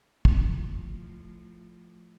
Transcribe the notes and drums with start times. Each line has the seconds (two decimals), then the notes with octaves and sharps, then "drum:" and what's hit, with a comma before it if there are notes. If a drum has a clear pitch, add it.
0.25 A2 F3, drum: kick